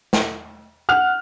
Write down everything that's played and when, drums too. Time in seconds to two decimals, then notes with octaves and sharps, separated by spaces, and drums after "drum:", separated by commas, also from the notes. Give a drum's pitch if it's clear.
0.13 drum: snare
0.89 F#5 F6 F#6 F7